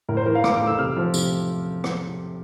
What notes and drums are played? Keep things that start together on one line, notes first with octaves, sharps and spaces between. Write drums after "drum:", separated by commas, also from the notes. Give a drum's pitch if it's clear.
A2 A#4
C5
E3 A#4
F5
A2 D6, drum: rim click
D6
A3
E6
C3 F6
F3
C3, drum: tambourine
drum: rim click